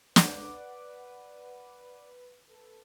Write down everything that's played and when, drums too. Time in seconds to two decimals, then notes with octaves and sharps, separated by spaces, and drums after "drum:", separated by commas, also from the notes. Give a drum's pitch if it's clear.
0.16 B4 D5 F#5 D6, drum: snare
2.48 A4 B4